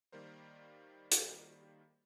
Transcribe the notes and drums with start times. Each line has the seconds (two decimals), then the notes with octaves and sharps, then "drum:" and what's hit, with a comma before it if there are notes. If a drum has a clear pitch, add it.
0.12 D#3 G3 A#3 A#4 C5
1.12 drum: hi-hat